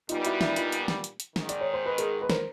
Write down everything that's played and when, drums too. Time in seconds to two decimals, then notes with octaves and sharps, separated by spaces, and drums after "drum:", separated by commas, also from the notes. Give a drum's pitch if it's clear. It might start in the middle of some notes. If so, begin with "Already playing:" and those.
0.09 A#2 G3 B3 D#4 F4, drum: hi-hat
0.25 E4 F#4, drum: hi-hat
0.41 D4 E4, drum: snare
0.56 D#4 F4, drum: hi-hat
0.72 drum: hi-hat
0.88 drum: snare
1.04 drum: hi-hat
1.20 drum: hi-hat
1.36 G#2 D#3 G#3, drum: snare
1.49 D5, drum: hi-hat
1.61 C#5
1.74 C5
1.86 B4
1.98 G#4 A#4, drum: hi-hat
2.22 B4
2.30 A#4 C5, drum: snare